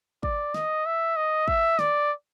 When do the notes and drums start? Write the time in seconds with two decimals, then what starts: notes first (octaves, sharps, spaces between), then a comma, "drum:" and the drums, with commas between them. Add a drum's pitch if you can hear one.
0.23 D5, drum: kick
0.54 D#5, drum: snare
0.86 E5
1.16 D#5
1.48 E5, drum: kick
1.79 D5, drum: snare